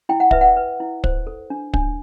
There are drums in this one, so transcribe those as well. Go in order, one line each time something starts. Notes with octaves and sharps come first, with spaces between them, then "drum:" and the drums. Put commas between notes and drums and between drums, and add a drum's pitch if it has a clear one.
E4 G5
F#5
B4 E5, drum: kick
F#5
B4
E4
C5, drum: kick
A4
D4
D4, drum: kick